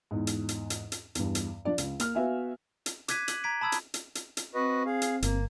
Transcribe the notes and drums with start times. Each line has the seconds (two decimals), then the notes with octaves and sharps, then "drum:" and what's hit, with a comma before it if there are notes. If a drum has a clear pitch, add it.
0.11 E2 G#2
0.27 drum: hi-hat
0.49 drum: hi-hat
0.70 drum: hi-hat
0.92 drum: hi-hat
1.15 E2 G2, drum: hi-hat
1.35 drum: hi-hat
1.65 F3 D4 D5
1.78 C#2, drum: hi-hat
2.00 A#3 F6, drum: hi-hat
2.15 B3 F#4 E5 F5 G#5
2.86 drum: hi-hat
3.08 D6 F#6 G#6 B6 D#7, drum: hi-hat
3.28 F#7, drum: hi-hat
3.44 A#5 G#6 B6 D7
3.61 A5 B5 D#6 E6 G#6
3.72 drum: hi-hat
3.94 drum: hi-hat
4.15 drum: hi-hat
4.37 drum: hi-hat
4.54 C4 F#4 B4 D#5
4.86 G#4 F5
5.02 drum: hi-hat
5.22 G1 A#3, drum: hi-hat